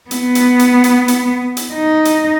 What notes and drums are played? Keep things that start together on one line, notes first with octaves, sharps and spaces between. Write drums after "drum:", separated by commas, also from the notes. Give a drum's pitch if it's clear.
B3, drum: hi-hat
drum: hi-hat
drum: hi-hat
drum: hi-hat
drum: hi-hat
drum: hi-hat
D#4
drum: hi-hat